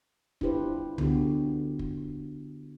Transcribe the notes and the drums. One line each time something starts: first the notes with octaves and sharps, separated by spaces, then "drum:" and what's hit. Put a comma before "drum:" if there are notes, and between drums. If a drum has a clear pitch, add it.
D4 E4 F4 G4 B4 C5, drum: kick
D3 B3 F#4 G4, drum: tom C#2
drum: kick